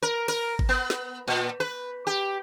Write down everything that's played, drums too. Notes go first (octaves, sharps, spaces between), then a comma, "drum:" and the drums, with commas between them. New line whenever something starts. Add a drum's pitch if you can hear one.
A#4
A#4, drum: cymbal
drum: kick G#1
B3
drum: snare
A#2
B4
G4